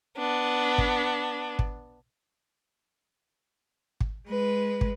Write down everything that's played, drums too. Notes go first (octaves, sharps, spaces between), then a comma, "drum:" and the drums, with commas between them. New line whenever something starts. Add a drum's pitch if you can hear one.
B3 D4
drum: kick
drum: kick
drum: kick
G#3 B4
drum: kick